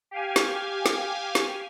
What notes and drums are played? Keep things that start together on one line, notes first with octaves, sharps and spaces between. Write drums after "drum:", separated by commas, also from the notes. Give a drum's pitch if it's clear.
G4 F5 G#5
drum: snare
drum: snare
drum: snare